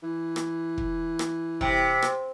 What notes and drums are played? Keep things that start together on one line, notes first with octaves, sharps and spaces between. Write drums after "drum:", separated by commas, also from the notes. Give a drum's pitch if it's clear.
E3
drum: rim click
drum: kick
drum: rim click
C3, drum: kick
drum: rim click